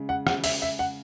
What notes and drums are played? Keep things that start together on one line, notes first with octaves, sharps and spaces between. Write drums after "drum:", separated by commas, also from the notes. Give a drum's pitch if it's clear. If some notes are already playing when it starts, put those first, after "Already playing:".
Already playing: C#3 G#3
F#5
F#5, drum: rim click
E5, drum: open hi-hat
E5
F#5